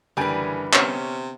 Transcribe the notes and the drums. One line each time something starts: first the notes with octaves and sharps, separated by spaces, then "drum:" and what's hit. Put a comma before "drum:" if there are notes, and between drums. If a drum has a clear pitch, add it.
F#1 D3 E3 G3 B4 G#5 D7
C3 B3 C#4, drum: clap